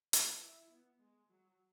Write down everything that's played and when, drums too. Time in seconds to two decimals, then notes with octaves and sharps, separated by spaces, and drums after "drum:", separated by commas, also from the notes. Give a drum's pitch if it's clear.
0.13 D4, drum: hi-hat
0.42 E4
0.71 B3
1.00 G#3
1.29 F#3